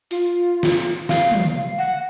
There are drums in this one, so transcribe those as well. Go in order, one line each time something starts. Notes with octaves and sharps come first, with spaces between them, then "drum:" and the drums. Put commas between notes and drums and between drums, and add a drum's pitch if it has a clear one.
F4, drum: open hi-hat
drum: snare
F5, drum: snare
drum: tom
F#5